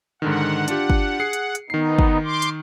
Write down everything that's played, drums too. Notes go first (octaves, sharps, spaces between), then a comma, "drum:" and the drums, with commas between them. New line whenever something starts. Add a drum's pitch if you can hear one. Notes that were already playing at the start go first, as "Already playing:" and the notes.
G#2 D3 D#3 F#5
D4 F4 G4, drum: hi-hat
drum: kick
G#4 C7 C#7
drum: hi-hat
drum: hi-hat
D#3 B3 D#4 C7
drum: kick
C6 D6
drum: hi-hat